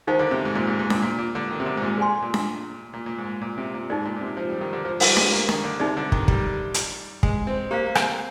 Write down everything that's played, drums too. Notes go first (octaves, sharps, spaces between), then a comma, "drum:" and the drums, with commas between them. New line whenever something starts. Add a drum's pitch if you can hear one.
D#3 D#4 G#4 C5 F5
D3
C3
G#2
A#2
G#2
G#2
A#2, drum: snare D4
A#2
A#2
D3
D#3
C3
D3
G#2
A#2
G#4 D5 G#5 C6
A#2
drum: snare D4
A#2
A#2
G#2
A#2
C3
A#2
G#2 D#4 G#4 D5
A#2
A#2
C3
F3
G3
D#3
D3
F3
G3, drum: open hi-hat
G#3, drum: snare D4
A#3
D#3, drum: snare D4
D3
C3 D#4 G#4 D5
D3
D#3, drum: kick
G3, drum: kick
drum: hi-hat
G#3, drum: kick
C4
A#3 G4 C5 F5
A#3
C4, drum: rim click